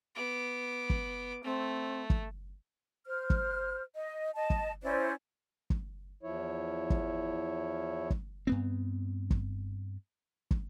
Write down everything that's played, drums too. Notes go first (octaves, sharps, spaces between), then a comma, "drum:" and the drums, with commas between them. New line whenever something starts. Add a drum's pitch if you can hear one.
B3 D6
drum: kick
A3 C4
drum: kick
C5 F6
drum: kick
D#5
D#5 A5
drum: kick
C#4 E4 C5 D5
drum: kick
E2 F3 E4 C#5
drum: kick
drum: kick
G2 B3 C4
drum: kick
drum: kick